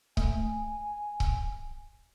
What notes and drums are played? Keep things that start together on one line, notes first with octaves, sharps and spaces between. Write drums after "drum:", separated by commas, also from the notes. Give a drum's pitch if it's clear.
A3 G#5, drum: kick C#1
drum: kick C#1